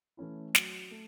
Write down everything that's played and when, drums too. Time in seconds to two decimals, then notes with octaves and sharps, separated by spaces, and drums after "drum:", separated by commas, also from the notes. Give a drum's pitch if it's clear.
0.17 E3 A3 C#4 E4
0.55 F#3, drum: snare
0.91 A3